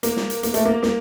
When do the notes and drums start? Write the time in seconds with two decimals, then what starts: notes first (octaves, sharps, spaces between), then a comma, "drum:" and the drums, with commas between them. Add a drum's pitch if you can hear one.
0.03 A#3, drum: hi-hat
0.16 drum: snare
0.30 drum: hi-hat
0.43 A#3, drum: hi-hat
0.54 A3, drum: hi-hat
0.65 A#3
0.83 A#3, drum: snare